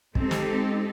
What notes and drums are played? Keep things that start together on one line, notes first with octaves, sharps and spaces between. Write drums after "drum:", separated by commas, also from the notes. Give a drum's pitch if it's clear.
G#3 C4 D#4 G4 A4, drum: kick
drum: snare